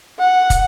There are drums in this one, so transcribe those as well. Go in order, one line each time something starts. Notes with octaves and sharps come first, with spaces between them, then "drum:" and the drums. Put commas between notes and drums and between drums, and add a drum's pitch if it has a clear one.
F#5
drum: kick, hi-hat